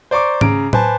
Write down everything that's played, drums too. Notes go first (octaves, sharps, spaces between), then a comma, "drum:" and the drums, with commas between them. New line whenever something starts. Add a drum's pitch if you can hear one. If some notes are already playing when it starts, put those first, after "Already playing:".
C5 D5 A#5 C#6 D6
C#3 A#5 D7, drum: tom G#2
B4 C5 G#5 A5, drum: tom A2